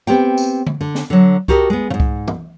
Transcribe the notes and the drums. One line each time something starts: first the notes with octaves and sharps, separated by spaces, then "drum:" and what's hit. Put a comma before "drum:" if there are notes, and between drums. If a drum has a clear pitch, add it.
B3 C4 G4 G5
drum: tambourine
drum: tom D3
D3
drum: snare
D3 F#3
F#4 G4 A4 A#4 D#5, drum: kick C2
G#3 B3
G#2 C#3
drum: kick C2
drum: tom E3